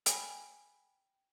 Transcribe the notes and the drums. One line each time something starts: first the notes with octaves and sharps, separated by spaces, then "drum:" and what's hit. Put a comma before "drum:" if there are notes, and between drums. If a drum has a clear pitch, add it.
G5 G#5 B5, drum: hi-hat